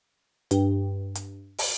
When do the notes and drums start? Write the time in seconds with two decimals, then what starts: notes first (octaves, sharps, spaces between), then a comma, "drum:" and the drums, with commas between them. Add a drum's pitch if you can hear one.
0.51 G2, drum: hi-hat
1.15 drum: hi-hat
1.58 drum: open hi-hat